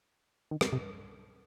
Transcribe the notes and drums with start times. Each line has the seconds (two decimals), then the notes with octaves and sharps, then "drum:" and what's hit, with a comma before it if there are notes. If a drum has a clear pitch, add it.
0.51 D#3
0.61 C3, drum: rim click
0.72 C3